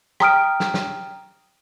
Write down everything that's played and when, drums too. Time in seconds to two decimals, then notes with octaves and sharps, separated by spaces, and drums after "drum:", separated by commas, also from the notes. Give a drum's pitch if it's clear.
0.20 G5 A#5 D#6 F6 D7, drum: rim click
0.60 drum: snare
0.74 drum: snare